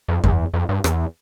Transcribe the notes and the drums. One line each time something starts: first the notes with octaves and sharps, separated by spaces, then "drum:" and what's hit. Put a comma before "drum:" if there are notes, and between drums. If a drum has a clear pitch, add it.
F2
E2, drum: kick F#2
F2
G2
E2, drum: rim click